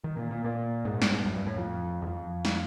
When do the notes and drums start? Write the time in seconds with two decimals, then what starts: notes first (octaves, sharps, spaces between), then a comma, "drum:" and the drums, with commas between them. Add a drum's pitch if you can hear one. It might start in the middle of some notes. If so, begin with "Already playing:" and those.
0.04 D#3
0.17 A#2
0.31 A#2
0.44 A#2
0.85 G#2
0.94 A#2
1.02 A2, drum: snare
1.10 G#2
1.18 G2
1.26 F#2
1.36 G2
1.46 A2
1.56 F2
2.02 E2
2.07 F2
2.45 drum: snare